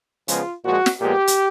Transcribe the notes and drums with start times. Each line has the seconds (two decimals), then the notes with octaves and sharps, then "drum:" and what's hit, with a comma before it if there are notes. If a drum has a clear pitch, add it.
0.28 C#3 F3 G#3 B3 F4, drum: hi-hat
0.64 A#2 F3 G#3 F#4
0.86 drum: snare
1.00 A#2 F3 G#3 B3 G4
1.27 drum: hi-hat